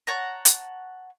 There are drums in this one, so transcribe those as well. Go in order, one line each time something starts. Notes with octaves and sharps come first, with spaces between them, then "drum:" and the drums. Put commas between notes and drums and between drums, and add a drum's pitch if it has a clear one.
C#5 F#5 A5 A#5
drum: hi-hat